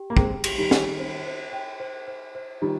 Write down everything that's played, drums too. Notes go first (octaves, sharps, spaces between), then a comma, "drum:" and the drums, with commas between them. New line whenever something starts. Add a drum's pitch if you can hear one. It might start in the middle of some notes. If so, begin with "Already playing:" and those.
Already playing: G4 G5
A#3
G#3 C4 G5, drum: kick
G4, drum: cymbal
D#3 G3
G4, drum: snare
C5
C5
G5
C5
C5
C5
D#3 G3 F4